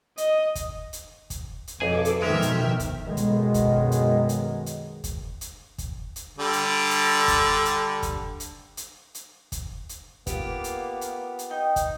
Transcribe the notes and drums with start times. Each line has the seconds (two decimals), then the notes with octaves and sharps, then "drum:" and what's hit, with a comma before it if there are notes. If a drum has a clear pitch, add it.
0.18 D#5, drum: hi-hat
0.55 drum: kick, hi-hat
0.93 drum: hi-hat
1.30 drum: kick, hi-hat
1.67 drum: hi-hat
1.80 B1 F2 G#4 A4 G#5 D6
2.05 drum: hi-hat
2.22 B2 D#3 F3 G#3 A#4 E5 G5 F6
2.42 drum: hi-hat
2.80 drum: kick, hi-hat
3.04 B1 F#2 D#3 G#3 B3
3.17 drum: hi-hat
3.54 drum: kick, hi-hat
3.92 drum: hi-hat
4.29 drum: hi-hat
4.66 drum: hi-hat
5.04 drum: kick, hi-hat
5.41 drum: hi-hat
5.78 drum: kick, hi-hat
6.16 drum: hi-hat
6.38 D3 G3
6.53 drum: hi-hat
6.90 drum: hi-hat
7.28 drum: kick, hi-hat
7.65 drum: hi-hat
8.02 drum: kick, hi-hat
8.40 drum: hi-hat
8.77 drum: hi-hat
9.15 drum: hi-hat
9.52 drum: kick, hi-hat
9.89 drum: hi-hat
10.27 A#3 B3 F4 G4, drum: kick, hi-hat
10.64 drum: hi-hat
11.01 drum: hi-hat
11.39 drum: hi-hat
11.51 D#4 G5
11.76 drum: kick, hi-hat